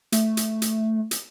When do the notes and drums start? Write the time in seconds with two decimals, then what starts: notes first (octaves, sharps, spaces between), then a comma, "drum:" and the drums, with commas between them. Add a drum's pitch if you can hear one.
0.12 A3, drum: hi-hat
0.37 drum: hi-hat
0.62 drum: hi-hat
1.11 drum: hi-hat